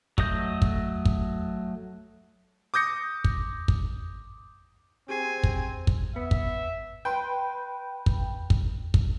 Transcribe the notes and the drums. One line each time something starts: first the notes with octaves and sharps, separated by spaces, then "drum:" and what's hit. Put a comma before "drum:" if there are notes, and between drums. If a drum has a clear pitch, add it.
F#3 A3 D#5 G6, drum: kick
drum: kick
drum: kick
D6 D#6 G6 A#6 C#7
drum: kick
drum: kick
C4 G4 G#4 G#5 C7
drum: kick
drum: kick
B3 E5
drum: kick
B4 G5 C6
drum: kick
drum: kick
drum: kick